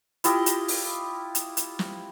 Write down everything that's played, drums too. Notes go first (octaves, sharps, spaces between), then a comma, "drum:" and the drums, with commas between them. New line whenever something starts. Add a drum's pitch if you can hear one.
E4 F4 G4 D#5, drum: hi-hat
drum: hi-hat
drum: open hi-hat
drum: hi-hat
drum: hi-hat
drum: snare